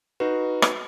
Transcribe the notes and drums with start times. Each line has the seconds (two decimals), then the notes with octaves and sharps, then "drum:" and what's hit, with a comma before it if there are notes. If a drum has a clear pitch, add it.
0.20 D#4 F#4 B4
0.62 drum: rim click